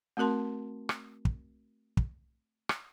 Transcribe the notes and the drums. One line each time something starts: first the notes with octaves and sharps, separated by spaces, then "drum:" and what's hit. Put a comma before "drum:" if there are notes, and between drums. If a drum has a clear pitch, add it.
A3 C4 F#4 A#4 A5 C6
drum: rim click
drum: kick
drum: kick
drum: rim click